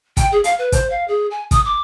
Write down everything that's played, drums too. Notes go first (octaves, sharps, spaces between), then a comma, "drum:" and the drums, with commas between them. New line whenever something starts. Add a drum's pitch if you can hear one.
G5, drum: kick, hi-hat
G#4
F5, drum: hi-hat
B4
C5, drum: kick, hi-hat
F5
G#4
G#5
D#6, drum: kick, hi-hat
D6